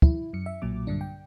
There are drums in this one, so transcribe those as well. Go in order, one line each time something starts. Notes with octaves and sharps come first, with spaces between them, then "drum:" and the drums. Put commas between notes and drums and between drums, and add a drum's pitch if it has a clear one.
E4, drum: kick
F#2 C#7
E5
B1 A#2 F#3 D6
G2 D3 D4
G5